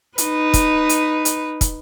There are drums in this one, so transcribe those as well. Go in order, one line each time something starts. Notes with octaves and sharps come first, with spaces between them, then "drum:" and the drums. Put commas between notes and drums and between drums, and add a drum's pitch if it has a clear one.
D#4 B4, drum: hi-hat
drum: kick, hi-hat
drum: hi-hat
drum: hi-hat
drum: kick, hi-hat